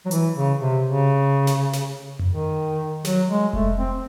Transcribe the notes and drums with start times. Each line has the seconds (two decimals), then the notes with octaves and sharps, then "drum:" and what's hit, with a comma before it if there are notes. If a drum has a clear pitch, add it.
0.05 F#3
0.11 E3, drum: hi-hat
0.36 C#3
0.60 C3
0.84 C#3
1.47 drum: snare
1.73 drum: snare
2.19 drum: tom F2
2.31 D#3
3.05 F#3, drum: snare
3.29 G#3
3.53 A3, drum: kick F1
3.78 C4